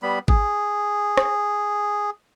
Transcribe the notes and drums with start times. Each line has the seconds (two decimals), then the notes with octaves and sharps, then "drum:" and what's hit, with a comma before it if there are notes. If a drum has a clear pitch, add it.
0.02 G3 B3 B5
0.28 G#4, drum: kick
1.17 drum: rim click